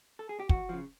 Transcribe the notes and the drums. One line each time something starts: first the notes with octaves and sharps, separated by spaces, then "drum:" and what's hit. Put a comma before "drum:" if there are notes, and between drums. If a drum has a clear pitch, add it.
A4
G#4
G4
E2 F#4, drum: kick
C#3 F3